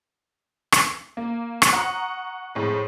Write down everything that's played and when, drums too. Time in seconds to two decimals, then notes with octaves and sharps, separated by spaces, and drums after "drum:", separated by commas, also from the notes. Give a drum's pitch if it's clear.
0.72 drum: rim click
1.17 A#3
1.62 drum: rim click
1.73 F#5 A#5 C#6 D#6
2.55 F2 A2 G#3